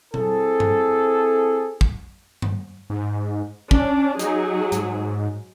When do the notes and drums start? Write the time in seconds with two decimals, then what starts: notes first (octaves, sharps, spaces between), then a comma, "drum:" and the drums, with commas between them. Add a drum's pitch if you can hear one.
0.14 C4 E4 G#4 A4, drum: tom B2
0.60 drum: tom G2
1.81 drum: kick
2.42 drum: tom G2
2.90 G#2
3.71 C#4 D4, drum: kick
4.19 F#3 D#4 G#4, drum: hi-hat
4.72 G#2, drum: hi-hat